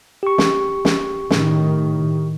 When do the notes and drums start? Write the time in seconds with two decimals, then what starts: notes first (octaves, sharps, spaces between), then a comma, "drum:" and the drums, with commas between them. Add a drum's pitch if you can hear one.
0.23 G4 C#6
0.38 drum: snare
0.85 drum: snare
1.30 A2 D#3, drum: snare